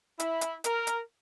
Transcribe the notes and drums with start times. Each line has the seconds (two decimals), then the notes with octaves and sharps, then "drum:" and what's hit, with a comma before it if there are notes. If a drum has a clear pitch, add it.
0.20 E4, drum: hi-hat
0.41 drum: hi-hat
0.64 A#4, drum: hi-hat
0.87 drum: hi-hat